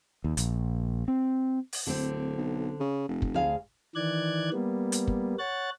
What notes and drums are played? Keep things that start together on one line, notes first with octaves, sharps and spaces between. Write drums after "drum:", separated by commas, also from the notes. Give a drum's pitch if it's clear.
D#2
A#1, drum: hi-hat
C4
drum: open hi-hat
D1 D3 C4
B1
C#3
F1
drum: kick
D2 G#4 F5
D#3 E3 D5 F#6 G#6
G3 A#3 B3
drum: hi-hat
drum: kick
C#5 F#5 F#6 A6